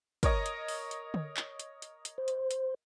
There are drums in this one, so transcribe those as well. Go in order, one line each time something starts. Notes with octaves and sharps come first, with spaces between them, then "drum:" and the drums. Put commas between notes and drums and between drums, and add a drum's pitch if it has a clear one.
A#4 C#5 D#5, drum: kick, hi-hat
drum: hi-hat
drum: open hi-hat
drum: hi-hat
drum: tom D3
drum: clap
drum: hi-hat
drum: hi-hat
drum: hi-hat
C5
drum: hi-hat
drum: hi-hat